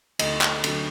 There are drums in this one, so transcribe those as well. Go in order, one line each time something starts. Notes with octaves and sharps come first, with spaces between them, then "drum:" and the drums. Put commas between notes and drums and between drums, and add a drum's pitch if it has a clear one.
D2 D#5, drum: cymbal
drum: clap
D3 F#3, drum: cymbal